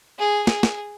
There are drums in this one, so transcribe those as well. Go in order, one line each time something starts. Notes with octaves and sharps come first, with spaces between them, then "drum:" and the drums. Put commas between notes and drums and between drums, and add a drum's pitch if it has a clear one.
G#4
G#4, drum: snare
drum: snare